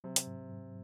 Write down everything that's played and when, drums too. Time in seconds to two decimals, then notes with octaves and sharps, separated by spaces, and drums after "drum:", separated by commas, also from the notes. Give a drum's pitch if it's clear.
0.04 C3 F#3
0.16 drum: hi-hat
0.27 G#2
0.50 G#2